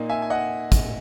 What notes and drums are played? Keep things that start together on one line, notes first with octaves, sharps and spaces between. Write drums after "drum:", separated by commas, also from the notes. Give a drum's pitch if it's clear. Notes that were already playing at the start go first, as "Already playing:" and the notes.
Already playing: A#2 A#3 D#4
E5 G#5
G#5
D#5 F#5
drum: kick, hi-hat